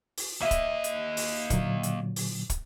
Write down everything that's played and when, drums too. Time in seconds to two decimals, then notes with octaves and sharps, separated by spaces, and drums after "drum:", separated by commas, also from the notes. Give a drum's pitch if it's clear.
0.18 drum: open hi-hat
0.41 A#3 D#5 E5
0.51 drum: kick, hi-hat
0.84 drum: hi-hat
1.17 drum: open hi-hat
1.50 A#2 D3 F#3, drum: kick, hi-hat
1.83 drum: hi-hat
2.16 drum: open hi-hat
2.50 drum: kick, hi-hat